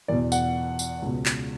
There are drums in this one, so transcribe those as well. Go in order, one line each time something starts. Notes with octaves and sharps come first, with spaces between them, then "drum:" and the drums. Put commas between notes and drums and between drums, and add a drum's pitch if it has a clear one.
E2 B2 D5
F#5, drum: tambourine
drum: tambourine
C#2 B2
drum: clap